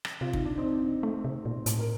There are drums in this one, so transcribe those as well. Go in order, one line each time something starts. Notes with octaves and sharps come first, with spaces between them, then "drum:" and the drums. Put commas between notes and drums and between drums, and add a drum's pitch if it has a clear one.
drum: rim click
C3 F4
D#4, drum: kick
D4
C4 D#4
A3
C3
A#2
A2, drum: hi-hat
A#4